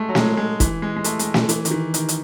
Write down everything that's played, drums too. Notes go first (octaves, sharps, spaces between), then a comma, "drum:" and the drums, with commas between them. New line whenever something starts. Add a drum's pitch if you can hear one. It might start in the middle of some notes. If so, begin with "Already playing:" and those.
Already playing: G#3 A3
F#3
G#3, drum: snare
G#3
E3, drum: kick, hi-hat
G#3
G#3
A3, drum: hi-hat
G#3, drum: hi-hat
drum: snare
E3, drum: hi-hat
D#3, drum: hi-hat
E3
D#3, drum: hi-hat
drum: hi-hat